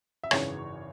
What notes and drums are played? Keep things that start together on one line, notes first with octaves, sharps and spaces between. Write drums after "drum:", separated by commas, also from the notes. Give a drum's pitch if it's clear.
E5
G#1 F#2 C#3 E3 C#5, drum: rim click